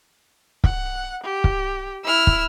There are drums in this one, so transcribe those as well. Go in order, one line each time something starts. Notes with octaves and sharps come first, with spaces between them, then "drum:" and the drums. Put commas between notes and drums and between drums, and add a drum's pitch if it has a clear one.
F#5, drum: kick
G4
drum: kick
E4 E6 F6
drum: kick